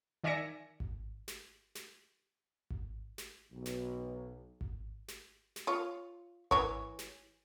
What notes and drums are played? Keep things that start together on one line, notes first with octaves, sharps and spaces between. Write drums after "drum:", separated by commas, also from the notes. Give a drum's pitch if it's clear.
D#3 D5 E5 G#5 A#6 C#7
drum: kick G#1
drum: snare
drum: snare
drum: kick G#1
drum: snare
B1
drum: snare
drum: kick G#1
drum: snare
drum: snare
F4 C#5
E3 C#5, drum: kick G#1
drum: snare